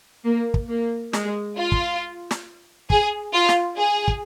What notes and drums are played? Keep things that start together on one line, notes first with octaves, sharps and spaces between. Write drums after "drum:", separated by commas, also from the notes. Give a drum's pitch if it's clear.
A#3
drum: kick
A#3
G#3, drum: snare
F4
drum: kick
drum: snare
G#4, drum: kick
F4
drum: snare
G#4
drum: kick